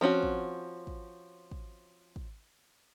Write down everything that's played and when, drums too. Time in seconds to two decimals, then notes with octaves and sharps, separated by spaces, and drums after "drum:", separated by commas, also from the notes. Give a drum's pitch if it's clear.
0.01 F3 C4 C#4 F#4
0.23 drum: kick
0.87 drum: kick
1.51 drum: kick
2.16 drum: kick